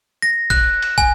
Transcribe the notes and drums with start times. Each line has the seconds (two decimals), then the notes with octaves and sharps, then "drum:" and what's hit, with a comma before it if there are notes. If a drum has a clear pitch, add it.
0.22 A#6
0.50 F#6, drum: kick, cymbal
0.82 drum: cymbal
0.98 G#5, drum: kick